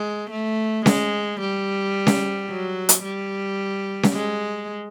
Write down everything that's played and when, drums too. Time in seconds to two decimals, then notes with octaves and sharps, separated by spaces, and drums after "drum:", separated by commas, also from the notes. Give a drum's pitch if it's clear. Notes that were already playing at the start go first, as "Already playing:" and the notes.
Already playing: G#3
0.31 A3
0.86 G#3, drum: snare C#4
1.41 G3
2.07 drum: snare C#4
2.50 F#3
2.89 drum: hi-hat
3.03 G3
4.03 drum: snare C#4
4.13 G#3